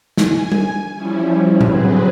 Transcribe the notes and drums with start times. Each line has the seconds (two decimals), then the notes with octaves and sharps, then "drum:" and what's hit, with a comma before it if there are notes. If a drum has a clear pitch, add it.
0.17 G#5, drum: snare
0.52 drum: tom G3
0.95 F3 G3 C#4 E4
1.61 D3 F#3 C4 G#4 B4 C5, drum: tom A2